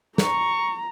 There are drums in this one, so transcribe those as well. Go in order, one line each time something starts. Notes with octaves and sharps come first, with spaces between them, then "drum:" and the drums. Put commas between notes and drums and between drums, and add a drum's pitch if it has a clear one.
A#5 C#6, drum: snare